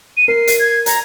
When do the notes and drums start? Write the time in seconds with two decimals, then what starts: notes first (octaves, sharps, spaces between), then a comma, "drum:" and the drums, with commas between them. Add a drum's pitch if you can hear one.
0.17 D#7
0.28 A#4 C7
0.47 drum: hi-hat
0.59 G#6
0.86 A#5, drum: hi-hat